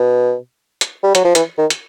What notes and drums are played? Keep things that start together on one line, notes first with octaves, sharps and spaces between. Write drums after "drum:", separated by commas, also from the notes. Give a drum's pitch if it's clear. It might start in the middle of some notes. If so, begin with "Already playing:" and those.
Already playing: B2
drum: hi-hat
G3
F#3, drum: hi-hat
F3
E3, drum: hi-hat
D#3
drum: hi-hat